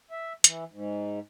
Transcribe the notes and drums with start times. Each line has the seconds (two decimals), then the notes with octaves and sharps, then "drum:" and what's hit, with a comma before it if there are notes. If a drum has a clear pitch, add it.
0.11 E5
0.44 E3, drum: hi-hat
0.72 G#2